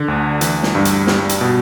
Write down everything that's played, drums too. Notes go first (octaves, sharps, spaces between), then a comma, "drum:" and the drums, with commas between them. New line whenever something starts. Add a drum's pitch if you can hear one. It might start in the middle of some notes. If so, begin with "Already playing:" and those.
Already playing: D3
D2
E3, drum: hi-hat
drum: snare
G2
drum: hi-hat
G3, drum: snare
drum: hi-hat
B2